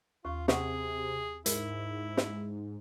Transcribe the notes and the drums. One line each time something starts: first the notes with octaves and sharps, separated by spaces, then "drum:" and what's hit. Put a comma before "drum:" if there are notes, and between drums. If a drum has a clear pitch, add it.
D#2 F4 C#6
C3 G#4 F#5 C#6, drum: snare
G#2 E4 A#4, drum: hi-hat
drum: snare